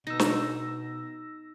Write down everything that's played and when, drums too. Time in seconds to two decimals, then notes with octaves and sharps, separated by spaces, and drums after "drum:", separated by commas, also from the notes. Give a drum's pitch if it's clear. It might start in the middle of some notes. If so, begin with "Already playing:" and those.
0.07 B2 D#4 E6 A#6
0.19 drum: snare